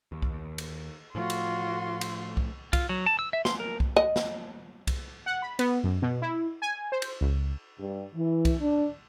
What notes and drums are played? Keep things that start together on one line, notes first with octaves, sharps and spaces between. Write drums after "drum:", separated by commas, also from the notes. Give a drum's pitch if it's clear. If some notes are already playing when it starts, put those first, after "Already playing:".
D#2
drum: kick C2
drum: cymbal
A2 F3 A3 F4 F#4 C6
drum: cymbal
drum: cymbal
drum: kick C2
F4, drum: kick C2, cymbal
F#3
A5
E6
E5
C6, drum: snare
A#4
drum: kick C2
D#5
drum: snare
drum: kick C2, cymbal
F#5
B5
B3, drum: cymbal
F#2
B2
E4
G#5
C5
drum: cymbal
C#2
G2
E3
drum: kick C2, cymbal
D4